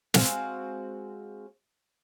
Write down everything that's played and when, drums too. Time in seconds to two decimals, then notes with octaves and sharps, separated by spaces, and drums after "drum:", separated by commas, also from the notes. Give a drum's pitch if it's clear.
0.14 G#3 C4 F#4 F5, drum: snare